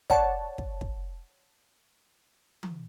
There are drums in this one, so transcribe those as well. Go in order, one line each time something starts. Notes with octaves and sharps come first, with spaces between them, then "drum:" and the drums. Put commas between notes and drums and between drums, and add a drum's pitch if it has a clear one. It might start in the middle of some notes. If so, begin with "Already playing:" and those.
C#5 D5 F#5 A5, drum: kick
drum: kick
drum: kick
drum: tom E3